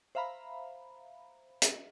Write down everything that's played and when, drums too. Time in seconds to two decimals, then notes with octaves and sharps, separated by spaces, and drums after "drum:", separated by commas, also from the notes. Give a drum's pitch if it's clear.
0.15 C5 E5 F5 A#5 B5
1.62 drum: hi-hat